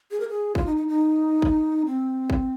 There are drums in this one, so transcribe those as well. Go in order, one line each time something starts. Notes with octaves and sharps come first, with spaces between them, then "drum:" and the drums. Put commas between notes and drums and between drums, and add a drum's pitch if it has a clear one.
G#4
A#4
G#4
F4, drum: kick
D#4
D#4
D#4
drum: kick
C4
drum: kick